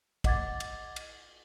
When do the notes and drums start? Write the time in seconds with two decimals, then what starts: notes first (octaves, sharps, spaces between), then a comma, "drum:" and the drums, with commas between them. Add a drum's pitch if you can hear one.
0.24 D#5 F#5 D6 G#6 A6, drum: kick, cymbal
0.60 drum: cymbal
0.96 drum: cymbal